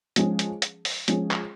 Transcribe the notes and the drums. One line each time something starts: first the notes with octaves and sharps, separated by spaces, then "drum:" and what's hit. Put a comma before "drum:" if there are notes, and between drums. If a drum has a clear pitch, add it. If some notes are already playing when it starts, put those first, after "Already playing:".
F3 G#3 C#4 G#4, drum: hi-hat
drum: hi-hat
drum: hi-hat
drum: open hi-hat
F3 G#3 C#4 G#4, drum: hi-hat
drum: clap